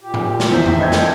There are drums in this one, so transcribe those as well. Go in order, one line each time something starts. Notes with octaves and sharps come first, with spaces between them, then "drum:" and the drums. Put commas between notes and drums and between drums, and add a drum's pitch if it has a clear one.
A#2 G4
drum: tom A2
drum: snare
E2 C5 E5
drum: tom F2
E3 C4 D4 D#5 G6 G#6
drum: snare